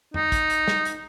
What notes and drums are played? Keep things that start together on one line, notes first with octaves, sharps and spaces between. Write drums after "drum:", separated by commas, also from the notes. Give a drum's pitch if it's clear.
D#4, drum: tom F2
drum: kick, hi-hat
drum: hi-hat
drum: snare
drum: hi-hat